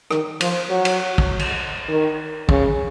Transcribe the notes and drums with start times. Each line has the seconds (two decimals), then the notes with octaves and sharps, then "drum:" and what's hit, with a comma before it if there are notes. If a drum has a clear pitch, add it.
0.11 D#3, drum: rim click
0.41 F3, drum: cymbal
0.70 F#3
0.85 drum: cymbal
1.18 drum: kick
1.39 drum: cymbal
1.89 D#3
2.49 C#3, drum: kick